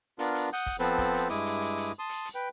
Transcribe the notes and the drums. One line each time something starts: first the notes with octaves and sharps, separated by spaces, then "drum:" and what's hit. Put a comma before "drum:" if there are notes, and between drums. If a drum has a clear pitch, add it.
B3 D4 F4 A#4, drum: hi-hat
drum: hi-hat
F#5 D#6 G6, drum: hi-hat
drum: kick, hi-hat
F3 B3 C4 A4 B4 C5, drum: hi-hat
drum: kick, hi-hat
drum: hi-hat
G2 G#3 E4 D6 D#6, drum: hi-hat
drum: hi-hat
drum: hi-hat
drum: hi-hat
A5 C6 D#6
drum: hi-hat
drum: hi-hat
B4 G5